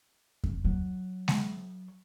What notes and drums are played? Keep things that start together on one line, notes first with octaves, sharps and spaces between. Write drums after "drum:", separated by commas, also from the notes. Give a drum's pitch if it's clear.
drum: kick F2
F#3
drum: snare G#3